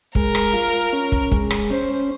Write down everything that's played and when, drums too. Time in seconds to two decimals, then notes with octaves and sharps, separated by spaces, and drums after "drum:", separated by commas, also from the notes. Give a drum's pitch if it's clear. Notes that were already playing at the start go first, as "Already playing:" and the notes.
0.15 G#3 A#4, drum: kick
0.35 drum: rim click
0.53 F4
0.93 C#4
1.12 drum: kick
1.31 G#3, drum: kick
1.50 drum: rim click
1.70 C#4 C5